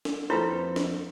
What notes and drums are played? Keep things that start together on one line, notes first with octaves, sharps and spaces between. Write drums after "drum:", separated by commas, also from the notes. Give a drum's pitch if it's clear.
drum: snare
F2 E4 F4 A4 B4 C5
drum: snare